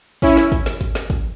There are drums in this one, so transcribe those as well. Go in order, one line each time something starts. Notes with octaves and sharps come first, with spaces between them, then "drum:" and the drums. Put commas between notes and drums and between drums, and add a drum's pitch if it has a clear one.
C#4 E4, drum: kick, hi-hat
drum: snare
drum: kick, hi-hat
drum: snare
drum: kick, hi-hat
drum: snare
drum: kick, hi-hat